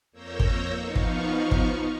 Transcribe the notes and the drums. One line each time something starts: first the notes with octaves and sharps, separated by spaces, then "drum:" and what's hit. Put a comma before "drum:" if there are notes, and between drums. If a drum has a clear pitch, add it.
F2 A#3 C#5 E6 G6 A#6
drum: kick
F3 B3 D#4 F5 C#6
drum: kick
drum: kick